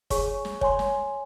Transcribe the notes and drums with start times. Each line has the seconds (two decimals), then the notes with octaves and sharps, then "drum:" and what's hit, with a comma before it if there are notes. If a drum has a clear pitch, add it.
0.10 G#4 C#5 G#5 C#6, drum: kick, hi-hat
0.45 drum: snare
0.61 C#5 G#5 C6, drum: kick
0.79 drum: snare